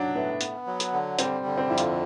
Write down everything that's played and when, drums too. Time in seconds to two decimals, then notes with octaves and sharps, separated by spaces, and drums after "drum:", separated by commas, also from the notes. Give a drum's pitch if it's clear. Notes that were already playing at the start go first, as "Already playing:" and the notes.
Already playing: F#3 D4 D#4
0.15 A2 B3
0.41 B3, drum: hi-hat
0.67 F#3
0.80 drum: hi-hat
0.93 D3
1.19 G3 C4, drum: hi-hat
1.46 D3
1.58 C4
1.70 F2 E4
1.78 F4, drum: hi-hat